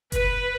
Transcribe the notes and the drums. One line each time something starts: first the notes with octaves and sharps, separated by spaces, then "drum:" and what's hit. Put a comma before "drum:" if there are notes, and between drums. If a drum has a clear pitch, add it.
B4, drum: kick F#1, hi-hat